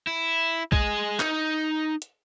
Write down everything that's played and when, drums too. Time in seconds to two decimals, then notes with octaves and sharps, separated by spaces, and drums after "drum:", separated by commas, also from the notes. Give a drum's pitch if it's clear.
0.07 E4
0.72 G#4 D#5, drum: kick
1.20 D#4, drum: clap
2.02 drum: hi-hat